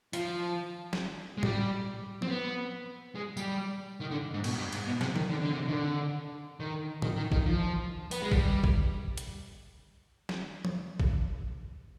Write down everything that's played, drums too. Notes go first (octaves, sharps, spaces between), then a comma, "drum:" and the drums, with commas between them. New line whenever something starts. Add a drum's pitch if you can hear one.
F3, drum: open hi-hat
drum: snare
G#3
G3, drum: tom A2
C4, drum: tom F3
B3
G#3
G3, drum: tambourine
D#3
D3
G#2
B2, drum: cymbal
G2
G#2, drum: cymbal
B2
C3, drum: snare
D#3, drum: tom F3
D3
D3
C3
D#3
D3
D#3
D#3, drum: tom A2
D#3
D#3, drum: kick A1
F3
B3, drum: open hi-hat
G#3
G3, drum: kick A1
drum: kick A1
drum: hi-hat
drum: snare
drum: tom F3
drum: kick A1